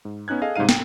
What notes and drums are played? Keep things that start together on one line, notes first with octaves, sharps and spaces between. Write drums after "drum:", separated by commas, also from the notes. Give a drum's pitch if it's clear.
G#2
B3 C#4 D#4 F#6 G#6
G#4 A4 D#5 F5
G#2 C3 G3 D#4 F5 D#7
G5, drum: snare